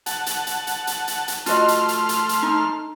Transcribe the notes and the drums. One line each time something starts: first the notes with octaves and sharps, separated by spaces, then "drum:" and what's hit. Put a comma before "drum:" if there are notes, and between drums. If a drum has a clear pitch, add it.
F#5 A5, drum: hi-hat
drum: hi-hat
drum: hi-hat
drum: hi-hat
drum: hi-hat
drum: hi-hat
drum: hi-hat
A3 F4 F#4 D#5 C6 F6, drum: hi-hat
drum: hi-hat
drum: hi-hat
drum: hi-hat
drum: hi-hat
D#4